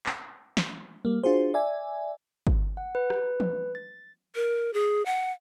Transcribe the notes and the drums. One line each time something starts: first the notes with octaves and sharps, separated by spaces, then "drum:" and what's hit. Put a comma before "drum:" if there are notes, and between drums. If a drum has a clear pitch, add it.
drum: clap
drum: snare
G3 A#3
D4 F4 F#4 G#4 C5
D5 E5 G#5
drum: kick
F#5
B4
drum: rim click
drum: tom E3
A6
A#4
G#4
F#5